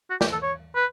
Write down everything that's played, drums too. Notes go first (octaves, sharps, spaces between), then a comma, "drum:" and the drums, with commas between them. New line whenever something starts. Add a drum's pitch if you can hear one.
F#4
G4, drum: snare
A4
C#5
B4